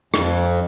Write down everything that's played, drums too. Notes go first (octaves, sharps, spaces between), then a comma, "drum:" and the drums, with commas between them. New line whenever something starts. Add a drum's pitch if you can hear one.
F2, drum: rim click